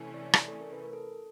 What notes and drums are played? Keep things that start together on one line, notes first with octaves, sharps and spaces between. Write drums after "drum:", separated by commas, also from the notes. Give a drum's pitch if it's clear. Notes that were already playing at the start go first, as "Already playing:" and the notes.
Already playing: C3 E3 A3 C#4
D5
D5, drum: rim click
A4
A#4
B4
A#4
A4